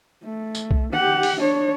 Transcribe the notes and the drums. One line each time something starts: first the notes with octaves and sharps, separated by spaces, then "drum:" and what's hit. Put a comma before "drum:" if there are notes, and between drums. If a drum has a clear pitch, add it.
A3
drum: tambourine
drum: kick B1
G4 F#5
drum: open hi-hat
D4 C#5